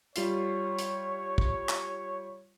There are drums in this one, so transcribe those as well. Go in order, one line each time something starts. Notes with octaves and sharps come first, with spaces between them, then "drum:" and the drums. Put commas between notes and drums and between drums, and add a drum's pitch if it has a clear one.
G3 F4 C#5 C7, drum: hi-hat
drum: hi-hat
drum: kick
drum: clap